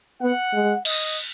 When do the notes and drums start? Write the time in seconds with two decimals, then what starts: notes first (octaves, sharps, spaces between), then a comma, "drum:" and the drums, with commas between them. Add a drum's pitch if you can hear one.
0.21 B3 F#5
0.53 G#3
0.85 D#5, drum: cymbal